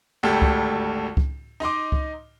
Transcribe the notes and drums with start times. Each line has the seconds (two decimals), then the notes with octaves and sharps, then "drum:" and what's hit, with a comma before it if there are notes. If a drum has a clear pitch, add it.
0.23 G#1 D2 G4 A4
0.42 drum: kick C#2
1.17 drum: kick C#2
1.60 D#4 D#5 C6 D6
1.92 drum: kick C#2